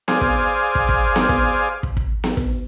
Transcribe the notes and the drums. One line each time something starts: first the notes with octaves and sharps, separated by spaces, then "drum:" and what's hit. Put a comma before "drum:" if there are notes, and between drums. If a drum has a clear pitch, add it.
G#4 C5 D5 F5 G#5, drum: snare B3
drum: kick
drum: kick
drum: kick
drum: snare B3
drum: kick
drum: kick
drum: kick
drum: snare B3
drum: kick